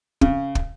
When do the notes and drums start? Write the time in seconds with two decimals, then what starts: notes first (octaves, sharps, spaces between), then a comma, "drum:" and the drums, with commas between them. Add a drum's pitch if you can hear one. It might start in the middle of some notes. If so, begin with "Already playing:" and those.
0.21 C#3, drum: kick
0.55 drum: kick